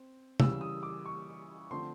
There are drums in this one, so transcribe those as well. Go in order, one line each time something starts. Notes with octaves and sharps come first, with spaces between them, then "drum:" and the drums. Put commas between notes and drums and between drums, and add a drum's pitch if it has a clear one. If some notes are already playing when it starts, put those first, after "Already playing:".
Already playing: C4
C#3 E3 G3 E6, drum: tom
D#6
D6
C#6
D3 F3 A3 C4 C6